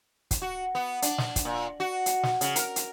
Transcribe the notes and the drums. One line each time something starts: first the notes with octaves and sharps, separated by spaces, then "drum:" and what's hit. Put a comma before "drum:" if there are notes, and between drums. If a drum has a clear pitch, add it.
drum: kick, hi-hat
F#4
B3
D4, drum: hi-hat
drum: snare
drum: kick, hi-hat
A#2
F#4
drum: hi-hat
drum: snare
C#3, drum: hi-hat
A#4, drum: hi-hat
drum: hi-hat